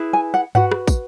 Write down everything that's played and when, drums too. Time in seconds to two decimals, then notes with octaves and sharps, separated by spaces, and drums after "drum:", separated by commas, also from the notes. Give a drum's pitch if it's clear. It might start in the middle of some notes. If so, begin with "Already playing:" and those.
Already playing: E4 G#4 B4
0.13 G#5
0.34 F#5
0.55 F#4 B4 F#5, drum: tom G2
0.71 drum: rim click
0.87 drum: kick, tambourine